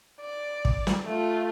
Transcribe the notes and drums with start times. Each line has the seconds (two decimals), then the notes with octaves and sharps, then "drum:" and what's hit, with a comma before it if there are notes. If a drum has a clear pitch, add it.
0.21 D5
0.65 drum: kick
0.87 drum: snare
1.05 A3 F4